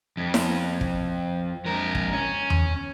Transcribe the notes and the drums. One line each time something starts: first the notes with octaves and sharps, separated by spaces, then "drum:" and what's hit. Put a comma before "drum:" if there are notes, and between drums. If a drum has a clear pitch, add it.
F2
drum: snare E4
drum: kick
F2 A#4
drum: kick
C#4
drum: tom E2